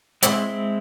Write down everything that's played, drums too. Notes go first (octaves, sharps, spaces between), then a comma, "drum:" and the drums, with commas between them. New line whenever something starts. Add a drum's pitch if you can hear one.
G#3 C4 E4, drum: hi-hat